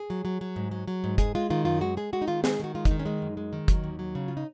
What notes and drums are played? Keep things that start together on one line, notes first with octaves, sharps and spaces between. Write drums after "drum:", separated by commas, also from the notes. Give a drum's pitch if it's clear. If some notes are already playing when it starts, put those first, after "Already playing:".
Already playing: G#4
F#3
F#3
F#3
G#2
F#3
F#3
G#2
G#3 G#4, drum: kick, hi-hat
G#3 F4
D#3 F4
F#2 F4
G#3 F#4
G#3 G#4
G#3 F#4
D#4
D#3 F4
G#3 G#4, drum: snare
D#3 F#4
G#3 F4
D#4, drum: kick, hi-hat
D#3
C#4
G#3 D#4
F#2
G#3
D#3
F#3, drum: kick, hi-hat
D#2
F#3
C#3
F4
D#4